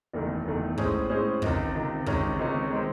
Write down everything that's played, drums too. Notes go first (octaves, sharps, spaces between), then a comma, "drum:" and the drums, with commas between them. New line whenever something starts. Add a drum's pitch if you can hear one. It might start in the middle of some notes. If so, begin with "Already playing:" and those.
F#1 E2 D#3 A3
F#1 E2 D#3 A3
A2 G#3 C#4 G#4 C5, drum: kick
A2 G#3 C#4 G#4 C5
C#2 C3 D#3, drum: kick
C#2 C3 D#3
C#2 C3 D#3 G#3 C#4, drum: kick
C#2 C3 D#3 G#3 C#4
D#3 G#3 C4